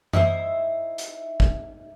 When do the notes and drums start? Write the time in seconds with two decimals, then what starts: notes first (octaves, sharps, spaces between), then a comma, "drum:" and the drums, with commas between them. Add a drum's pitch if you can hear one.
0.13 D#4 E4 C5 E5, drum: tom F#2
0.98 drum: hi-hat
1.40 drum: kick